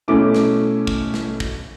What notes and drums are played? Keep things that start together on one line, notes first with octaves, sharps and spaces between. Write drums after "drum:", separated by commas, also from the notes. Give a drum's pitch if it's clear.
B2 A3 C#4 E4 D6
drum: snare
drum: kick
drum: snare
drum: kick